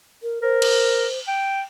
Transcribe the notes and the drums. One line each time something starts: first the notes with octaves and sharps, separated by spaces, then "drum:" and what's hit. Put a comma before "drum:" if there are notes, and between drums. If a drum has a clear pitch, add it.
A#4
A#4 C5
drum: cymbal
G5